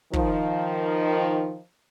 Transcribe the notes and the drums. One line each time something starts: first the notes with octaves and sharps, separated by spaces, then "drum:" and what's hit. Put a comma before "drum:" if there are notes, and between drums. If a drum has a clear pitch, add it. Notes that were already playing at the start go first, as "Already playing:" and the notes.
D#3 F3, drum: kick